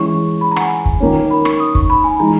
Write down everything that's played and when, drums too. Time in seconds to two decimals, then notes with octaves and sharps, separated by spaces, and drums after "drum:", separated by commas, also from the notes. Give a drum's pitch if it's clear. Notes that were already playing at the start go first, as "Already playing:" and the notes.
Already playing: E3 G#3 C#4 E4 C#6
0.41 B5
0.51 A#5
0.56 F#5, drum: rim click
0.60 G#5
0.86 drum: kick
1.00 D#3 A#3 C#4
1.31 B5
1.45 C#6, drum: rim click
1.60 D#6
1.75 C#6, drum: kick
1.90 B5
2.04 G#5
2.19 E3 G#3 D#4 A#5